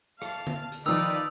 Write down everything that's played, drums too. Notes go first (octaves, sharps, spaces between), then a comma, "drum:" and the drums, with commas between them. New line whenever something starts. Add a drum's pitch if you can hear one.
F5 A5, drum: rim click
drum: tom D3
drum: hi-hat
D#3 F3 D#4 B4 D5 D#6 E6 F7